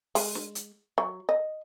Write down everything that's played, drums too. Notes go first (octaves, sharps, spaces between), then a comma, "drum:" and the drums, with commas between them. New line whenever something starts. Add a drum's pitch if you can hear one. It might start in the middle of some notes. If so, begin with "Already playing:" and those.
G#3, drum: open hi-hat
drum: snare
drum: hi-hat
F#3
D#5